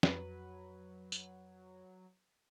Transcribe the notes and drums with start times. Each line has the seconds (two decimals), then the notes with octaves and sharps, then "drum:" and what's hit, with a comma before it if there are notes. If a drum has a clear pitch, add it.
0.03 F2 F#3 B4, drum: snare
1.12 drum: tambourine